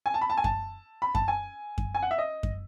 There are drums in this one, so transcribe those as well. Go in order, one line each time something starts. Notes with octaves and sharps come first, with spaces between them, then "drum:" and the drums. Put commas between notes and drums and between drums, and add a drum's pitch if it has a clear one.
G#5
A5
B5
A5
G#5
A5, drum: kick F#2
B5
A5, drum: kick F#2
G#5
drum: kick F#2
G#5
F#5
E5
D#5
drum: kick F#2